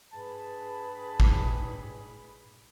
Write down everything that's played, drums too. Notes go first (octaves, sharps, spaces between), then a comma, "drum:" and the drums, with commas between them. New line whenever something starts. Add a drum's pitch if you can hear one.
G2 G#4 B4 A5 B5
drum: kick G#1